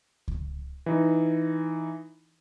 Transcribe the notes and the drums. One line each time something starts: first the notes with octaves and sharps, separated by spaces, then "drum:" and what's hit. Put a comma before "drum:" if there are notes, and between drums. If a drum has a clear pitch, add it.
drum: kick C#2
E3 D#4